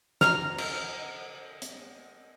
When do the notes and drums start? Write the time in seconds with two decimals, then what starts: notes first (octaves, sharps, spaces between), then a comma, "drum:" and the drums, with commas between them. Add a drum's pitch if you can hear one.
0.21 A#5 F6, drum: snare
0.58 drum: cymbal
1.62 drum: hi-hat